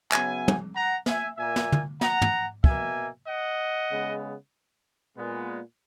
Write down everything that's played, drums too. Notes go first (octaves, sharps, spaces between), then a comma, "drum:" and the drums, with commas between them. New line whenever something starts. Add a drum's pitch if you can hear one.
C#3 F#3 B3 E5 G#5, drum: clap
drum: tom
F#5 A#5
E5 G#5, drum: snare
A#2 A#3 E5 G#5
drum: snare
drum: tom
F#5 A#5, drum: snare
drum: tom
B2 A#3 E5 G#5, drum: kick
D#5 F#5
C#3 G#3 B3
A#2 G#3 B3